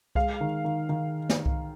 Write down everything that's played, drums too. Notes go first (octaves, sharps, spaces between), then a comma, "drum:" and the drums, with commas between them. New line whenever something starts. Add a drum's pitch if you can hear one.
G#3 F5, drum: kick C2
D#3
D#3
D#3
drum: snare
drum: kick C2